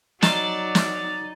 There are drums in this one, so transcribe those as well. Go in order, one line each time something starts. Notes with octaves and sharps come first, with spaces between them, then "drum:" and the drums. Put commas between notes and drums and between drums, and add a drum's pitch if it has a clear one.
F#3 D#4 D5 A5 C6, drum: snare
drum: snare